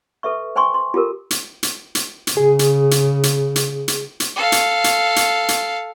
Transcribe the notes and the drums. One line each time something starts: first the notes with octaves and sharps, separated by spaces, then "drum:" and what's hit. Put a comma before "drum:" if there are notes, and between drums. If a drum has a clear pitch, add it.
A4 B4 E5 C#6
C5 G5 G#5 C6 C#6
C6
F4 G4 A4 A#4
drum: hi-hat
drum: hi-hat
drum: hi-hat
drum: hi-hat
C#3 G#4
drum: hi-hat
drum: hi-hat
drum: hi-hat
drum: hi-hat
drum: hi-hat
drum: hi-hat
A4 F5
drum: hi-hat
drum: hi-hat
drum: hi-hat
drum: hi-hat